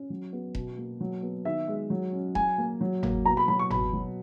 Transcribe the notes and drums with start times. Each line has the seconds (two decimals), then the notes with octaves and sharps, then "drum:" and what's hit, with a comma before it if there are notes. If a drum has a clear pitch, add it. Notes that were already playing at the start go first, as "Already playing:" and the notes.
Already playing: C#4
0.10 F#3
0.33 B3
0.55 B2, drum: kick E1
0.77 A#3
1.01 F#3
1.23 B3
1.45 D#3 E5
1.68 G#3
1.90 F#3
2.13 C#4
2.35 F#3 G#5, drum: kick E1
2.58 A#3
2.81 F#3
3.03 A#3, drum: tom G1
3.25 B2 A#5
3.37 B5
3.48 F#3 B5
3.59 C#6
3.71 B2 B5, drum: tom G1
3.93 F#3